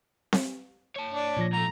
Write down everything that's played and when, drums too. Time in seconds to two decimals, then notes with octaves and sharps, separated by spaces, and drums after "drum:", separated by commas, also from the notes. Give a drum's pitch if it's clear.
0.33 drum: snare C4
0.96 C#5 A5
1.13 D4
1.37 A#2 F3 A#6
1.53 G#2 A3 A#5